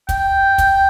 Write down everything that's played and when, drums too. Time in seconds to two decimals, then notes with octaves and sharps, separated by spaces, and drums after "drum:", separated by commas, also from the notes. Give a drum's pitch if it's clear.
0.09 G5, drum: kick, hi-hat
0.58 drum: kick, hi-hat